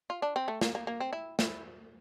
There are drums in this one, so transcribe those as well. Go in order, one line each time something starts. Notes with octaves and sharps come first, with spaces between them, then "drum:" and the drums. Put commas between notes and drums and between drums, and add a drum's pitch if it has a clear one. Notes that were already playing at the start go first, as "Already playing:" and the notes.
F4
D4
C4
A3
A#3, drum: snare
A#3
A#3
C4
E4
E4, drum: snare